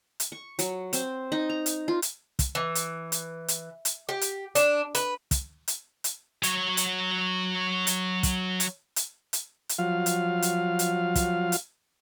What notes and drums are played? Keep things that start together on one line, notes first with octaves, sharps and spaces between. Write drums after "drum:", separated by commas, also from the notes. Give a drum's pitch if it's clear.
drum: hi-hat
C#6
F#3, drum: hi-hat
C4, drum: hi-hat
D#4
A#5
drum: hi-hat
F4
drum: hi-hat
drum: kick, hi-hat
E3
drum: hi-hat
drum: hi-hat
drum: hi-hat
drum: hi-hat
G4
drum: hi-hat
D4, drum: hi-hat
B4, drum: hi-hat
drum: kick, hi-hat
drum: hi-hat
drum: hi-hat
F#3 C#5, drum: hi-hat
drum: hi-hat
drum: hi-hat
drum: kick, hi-hat
drum: hi-hat
drum: hi-hat
drum: hi-hat
drum: hi-hat
F3 F#3 F4 F5
drum: hi-hat
drum: hi-hat
drum: hi-hat
drum: kick, hi-hat
drum: hi-hat